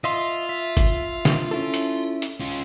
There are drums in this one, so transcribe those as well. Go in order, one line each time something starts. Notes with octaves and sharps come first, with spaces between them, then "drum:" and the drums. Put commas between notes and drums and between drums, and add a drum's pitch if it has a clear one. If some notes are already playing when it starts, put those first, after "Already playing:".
F4 D#5 E5 C6
E5
drum: kick G1, hi-hat
drum: snare
C#4 E4 A4
drum: hi-hat
drum: hi-hat
C#4 F4